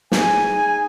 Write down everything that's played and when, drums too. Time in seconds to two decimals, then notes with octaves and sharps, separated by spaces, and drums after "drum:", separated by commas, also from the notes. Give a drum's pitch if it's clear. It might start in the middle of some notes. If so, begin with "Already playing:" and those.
0.12 D#4 G#4 G#5, drum: snare